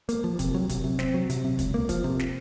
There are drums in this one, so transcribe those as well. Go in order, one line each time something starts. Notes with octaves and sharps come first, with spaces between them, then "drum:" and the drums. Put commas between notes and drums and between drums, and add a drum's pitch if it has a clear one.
A#3, drum: hi-hat
F3
C3, drum: kick, hi-hat
F#3
C3, drum: kick, hi-hat
C3
C4, drum: snare
F#3
C3, drum: hi-hat
C3
C#2, drum: kick, hi-hat
A#3
F3, drum: kick, hi-hat
C3
drum: snare